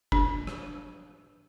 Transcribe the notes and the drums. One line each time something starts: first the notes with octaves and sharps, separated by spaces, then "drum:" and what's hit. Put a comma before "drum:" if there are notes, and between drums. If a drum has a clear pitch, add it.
D4, drum: kick F#1
drum: rim click